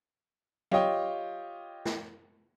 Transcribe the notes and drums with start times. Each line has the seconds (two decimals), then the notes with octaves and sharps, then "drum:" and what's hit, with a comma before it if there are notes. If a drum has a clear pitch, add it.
0.71 F4 G4 C#5 D#5 G5, drum: tom F#3
1.85 drum: snare